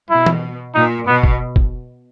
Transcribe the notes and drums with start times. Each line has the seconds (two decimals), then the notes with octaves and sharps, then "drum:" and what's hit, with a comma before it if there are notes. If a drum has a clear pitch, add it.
0.10 B2 E4
0.26 drum: tom E3
0.75 A#2 D#4
1.07 B2 B3
1.24 drum: kick
1.56 drum: kick